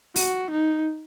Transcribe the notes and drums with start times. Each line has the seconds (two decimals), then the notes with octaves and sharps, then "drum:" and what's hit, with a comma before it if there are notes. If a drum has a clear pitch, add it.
0.16 F#4, drum: open hi-hat
0.51 D#4